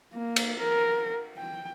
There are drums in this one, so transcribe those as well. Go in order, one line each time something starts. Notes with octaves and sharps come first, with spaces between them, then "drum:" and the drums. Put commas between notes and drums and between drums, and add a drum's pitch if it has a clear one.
A#3
drum: cymbal
A#4
G5